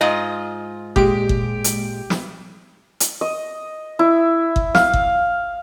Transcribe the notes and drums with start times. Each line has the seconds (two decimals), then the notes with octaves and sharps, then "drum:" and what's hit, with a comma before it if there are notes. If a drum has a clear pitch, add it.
0.01 G#2 F4 D#5
0.96 A#2 G#3 G4 D7, drum: kick G1
1.29 drum: kick G1
1.64 drum: hi-hat
2.10 drum: snare
3.00 drum: hi-hat
3.21 D#5
3.99 E4
4.56 drum: kick G1
4.75 F5, drum: snare
4.94 drum: kick G1